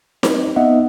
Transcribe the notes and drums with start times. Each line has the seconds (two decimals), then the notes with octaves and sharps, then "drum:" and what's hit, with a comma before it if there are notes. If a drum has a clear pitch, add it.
0.23 C4 B4, drum: snare D#4
0.56 B3 D#4 D#5 E5 F#5